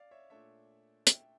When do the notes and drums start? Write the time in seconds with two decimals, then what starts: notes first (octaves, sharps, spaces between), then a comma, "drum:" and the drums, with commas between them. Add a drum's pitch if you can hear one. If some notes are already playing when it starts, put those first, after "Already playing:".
Already playing: D5 F5
0.11 C#5 E5
0.30 A#2 A3 D4 C#5 E5
1.07 E5 G5, drum: hi-hat